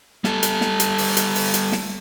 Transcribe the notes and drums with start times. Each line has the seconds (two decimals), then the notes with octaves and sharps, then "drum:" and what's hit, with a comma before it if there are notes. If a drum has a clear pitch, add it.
0.24 G3 A4, drum: snare
0.43 drum: hi-hat
0.61 drum: snare
0.80 drum: hi-hat
0.98 drum: open hi-hat
1.17 drum: hi-hat
1.35 drum: open hi-hat
1.54 drum: hi-hat
1.72 drum: snare